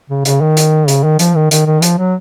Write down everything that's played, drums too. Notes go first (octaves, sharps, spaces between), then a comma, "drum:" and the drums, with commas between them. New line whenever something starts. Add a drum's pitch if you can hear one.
C#3
C#3, drum: hi-hat
D#3
drum: hi-hat
C#3, drum: hi-hat
D#3
F3, drum: hi-hat
D#3
D#3, drum: hi-hat
D#3
F3, drum: hi-hat
F#3